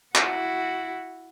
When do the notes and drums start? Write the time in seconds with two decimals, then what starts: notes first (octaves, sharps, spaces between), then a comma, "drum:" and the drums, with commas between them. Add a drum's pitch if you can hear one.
0.16 E4 F#4, drum: clap